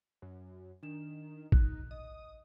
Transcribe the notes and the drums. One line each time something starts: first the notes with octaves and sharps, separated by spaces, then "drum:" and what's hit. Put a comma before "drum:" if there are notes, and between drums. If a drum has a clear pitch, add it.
F#2
D#3 D4 E7
D#4 F#6, drum: kick
D#5 D#6